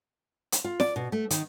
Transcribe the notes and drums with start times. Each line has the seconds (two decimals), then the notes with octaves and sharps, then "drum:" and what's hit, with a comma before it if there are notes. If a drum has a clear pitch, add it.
0.52 drum: hi-hat
0.64 F4
0.80 D5, drum: snare
0.96 B2
1.12 A3
1.30 D#3, drum: hi-hat